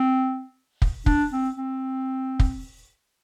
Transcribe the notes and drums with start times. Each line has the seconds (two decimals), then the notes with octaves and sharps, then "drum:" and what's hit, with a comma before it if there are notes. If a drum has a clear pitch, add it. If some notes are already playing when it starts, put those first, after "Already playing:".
Already playing: C4
0.82 drum: kick
1.06 D4, drum: kick
1.32 C4
1.57 C4
2.39 drum: kick